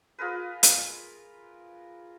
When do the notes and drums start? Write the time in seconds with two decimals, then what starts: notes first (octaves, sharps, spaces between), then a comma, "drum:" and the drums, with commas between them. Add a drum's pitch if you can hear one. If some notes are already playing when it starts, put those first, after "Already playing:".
0.18 F4 G#4 A#4 B4
0.63 drum: hi-hat